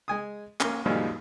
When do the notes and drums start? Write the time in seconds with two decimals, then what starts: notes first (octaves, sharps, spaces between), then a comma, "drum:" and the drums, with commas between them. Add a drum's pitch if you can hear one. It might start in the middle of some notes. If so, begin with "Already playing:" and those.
0.08 G#3 G#5 D#6
0.60 A#3 C#4, drum: clap
0.86 F#2 A#2 D#3 F3 G3 G#3